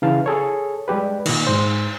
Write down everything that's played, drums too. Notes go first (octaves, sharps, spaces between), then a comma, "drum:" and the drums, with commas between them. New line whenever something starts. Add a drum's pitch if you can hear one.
C#3 E3 F5 A5
G#4 A4 C#5
G3 G#3 G4 B4
A#2 D#3, drum: cymbal
G#2 C5